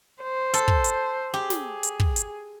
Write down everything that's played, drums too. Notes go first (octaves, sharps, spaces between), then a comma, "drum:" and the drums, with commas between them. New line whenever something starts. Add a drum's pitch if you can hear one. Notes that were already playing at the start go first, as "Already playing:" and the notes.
C5
A4, drum: hi-hat
drum: kick
drum: hi-hat
G4 G#4
drum: snare
drum: hi-hat
drum: kick
drum: hi-hat